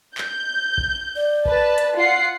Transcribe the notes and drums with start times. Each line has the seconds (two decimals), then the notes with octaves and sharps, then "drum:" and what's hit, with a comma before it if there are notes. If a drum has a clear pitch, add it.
0.18 G6, drum: clap
0.78 drum: kick A#1
1.16 D5
1.45 B4 A5, drum: kick A#1
1.78 drum: hi-hat
1.95 F4 F#5 C7